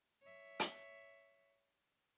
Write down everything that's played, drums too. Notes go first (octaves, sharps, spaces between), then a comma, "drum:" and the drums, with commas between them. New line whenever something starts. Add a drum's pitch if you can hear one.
C#5 E5
drum: hi-hat